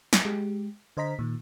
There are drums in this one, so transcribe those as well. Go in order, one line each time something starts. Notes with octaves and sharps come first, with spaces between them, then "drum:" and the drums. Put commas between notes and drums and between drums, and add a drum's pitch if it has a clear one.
drum: snare
G#3 G4
D3 C5 D#5 A#5 B6
A#2 D#3